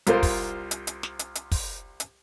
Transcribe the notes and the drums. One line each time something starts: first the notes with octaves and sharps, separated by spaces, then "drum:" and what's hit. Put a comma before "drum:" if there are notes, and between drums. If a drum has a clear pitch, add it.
C2 F4 A#4 C5, drum: hi-hat
drum: kick, open hi-hat
drum: hi-hat
drum: hi-hat
drum: snare
drum: hi-hat
drum: hi-hat
drum: kick, open hi-hat
drum: hi-hat